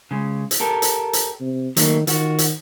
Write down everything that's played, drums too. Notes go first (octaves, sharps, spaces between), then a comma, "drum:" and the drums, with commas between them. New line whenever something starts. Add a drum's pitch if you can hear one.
C#3 G#3
drum: hi-hat
G4 A4 A#4
drum: hi-hat
drum: hi-hat
C3
D#3 F#3 A3 A#3, drum: hi-hat
D#3 F4 F#4, drum: hi-hat
drum: hi-hat